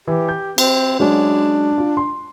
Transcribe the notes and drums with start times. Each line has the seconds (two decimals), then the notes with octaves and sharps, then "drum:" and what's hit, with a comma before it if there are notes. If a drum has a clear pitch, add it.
0.07 E3 G4
0.29 G6
0.58 C4, drum: cymbal
0.99 F#3 G#3 C#4 D4
1.78 F4
1.97 C6